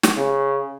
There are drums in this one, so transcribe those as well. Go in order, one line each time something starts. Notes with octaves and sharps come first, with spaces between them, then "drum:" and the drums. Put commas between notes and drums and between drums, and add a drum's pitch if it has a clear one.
drum: snare
C#3